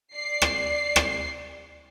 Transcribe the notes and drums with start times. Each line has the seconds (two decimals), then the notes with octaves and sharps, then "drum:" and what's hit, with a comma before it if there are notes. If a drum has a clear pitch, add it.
0.14 D5 C7
0.42 drum: rim click
0.96 drum: rim click